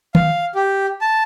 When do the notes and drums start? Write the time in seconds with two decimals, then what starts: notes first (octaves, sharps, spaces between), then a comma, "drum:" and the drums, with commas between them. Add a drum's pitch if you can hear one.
0.15 F5, drum: tom
0.55 G4
1.01 A5